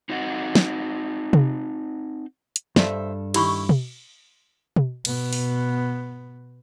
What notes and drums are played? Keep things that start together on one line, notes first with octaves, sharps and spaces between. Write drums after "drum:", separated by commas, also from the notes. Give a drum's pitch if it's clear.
C4 D#4 F#4 D#5 F#5
drum: snare
drum: tom C3
drum: hi-hat
G2 A4 C5 E5, drum: snare
D#3 E4 G4 B5 C#6, drum: cymbal
drum: tom B2
drum: tom B2
B2 B3, drum: cymbal
drum: open hi-hat